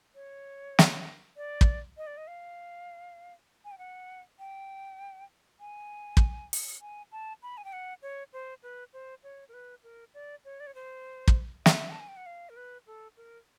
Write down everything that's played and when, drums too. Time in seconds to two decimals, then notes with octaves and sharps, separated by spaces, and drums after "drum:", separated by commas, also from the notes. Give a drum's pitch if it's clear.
0.15 C#5
0.79 drum: snare
1.37 D5
1.61 drum: kick
1.97 D#5
2.07 D5
2.17 D#5
2.27 F5
3.65 G#5
3.72 G5
3.78 F#5
4.39 G5
5.60 G#5
6.17 drum: kick
6.53 drum: open hi-hat
6.81 G#5
7.12 A5
7.42 B5
7.57 G#5
7.65 G5
7.73 F#5
8.02 C#5
8.33 C5
8.63 B4
8.93 C5
9.23 C#5
9.49 A#4
9.54 B4
9.83 A#4
10.14 D5
10.45 C#5
10.60 D5
10.67 C#5
10.75 C5
11.28 drum: kick
11.66 E5, drum: snare
11.90 A5
12.00 G#5
12.08 G5
12.17 F#5
12.26 F5
12.49 A#4
12.57 B4
12.87 A4
13.17 A#4